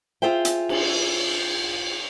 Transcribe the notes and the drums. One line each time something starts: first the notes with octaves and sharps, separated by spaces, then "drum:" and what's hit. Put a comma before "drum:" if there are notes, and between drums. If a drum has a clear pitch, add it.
F4 G#4 C5 E5 G5
drum: hi-hat
drum: cymbal